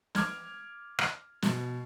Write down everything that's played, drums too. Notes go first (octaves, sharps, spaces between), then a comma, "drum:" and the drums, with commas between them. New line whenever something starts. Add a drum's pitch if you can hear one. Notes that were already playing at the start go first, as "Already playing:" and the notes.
D6 F6 G#6, drum: snare
drum: rim click
B2, drum: snare